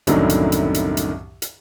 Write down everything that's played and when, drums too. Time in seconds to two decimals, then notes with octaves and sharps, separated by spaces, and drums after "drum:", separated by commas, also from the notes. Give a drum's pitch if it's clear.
0.07 C2 F#2 A2 D3 D#3 F#3, drum: hi-hat
0.30 drum: hi-hat
0.52 drum: hi-hat
0.74 drum: hi-hat
0.97 drum: hi-hat
1.42 drum: hi-hat